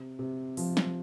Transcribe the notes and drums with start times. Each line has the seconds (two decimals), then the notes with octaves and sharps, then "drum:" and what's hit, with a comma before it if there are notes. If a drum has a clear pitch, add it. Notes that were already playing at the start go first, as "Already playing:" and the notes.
Already playing: C3
0.19 C3
0.57 F3, drum: open hi-hat
0.77 drum: snare